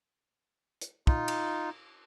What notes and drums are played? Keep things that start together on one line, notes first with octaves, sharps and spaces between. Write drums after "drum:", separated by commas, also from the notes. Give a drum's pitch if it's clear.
drum: hi-hat
D#4 F4, drum: kick
drum: cymbal